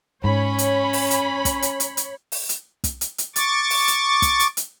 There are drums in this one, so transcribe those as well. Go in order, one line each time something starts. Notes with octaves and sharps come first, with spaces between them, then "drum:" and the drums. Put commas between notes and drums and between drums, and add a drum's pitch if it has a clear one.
G#2 C#4 C#5 B5
drum: hi-hat
drum: open hi-hat
drum: hi-hat
drum: kick, hi-hat
drum: hi-hat
drum: hi-hat
drum: hi-hat
drum: open hi-hat
drum: hi-hat
drum: kick, hi-hat
drum: hi-hat
drum: hi-hat
C#6 D6 A6, drum: hi-hat
drum: open hi-hat
drum: hi-hat
drum: kick, hi-hat
drum: hi-hat
drum: hi-hat